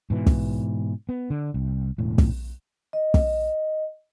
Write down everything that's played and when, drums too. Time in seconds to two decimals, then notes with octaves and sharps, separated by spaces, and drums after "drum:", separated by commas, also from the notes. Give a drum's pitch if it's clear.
0.10 G#2 B2 E3
0.27 drum: kick
1.09 B3
1.30 D3
1.54 C2
1.98 E1 A2
2.18 drum: kick
2.93 D#5
3.14 drum: kick